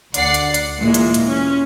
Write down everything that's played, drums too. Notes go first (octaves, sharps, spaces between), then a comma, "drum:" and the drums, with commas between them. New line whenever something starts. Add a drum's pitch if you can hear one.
D2 D5 F#5 C7, drum: hi-hat
drum: hi-hat
drum: hi-hat
A#2 E3 G#3
drum: hi-hat
drum: hi-hat
C#4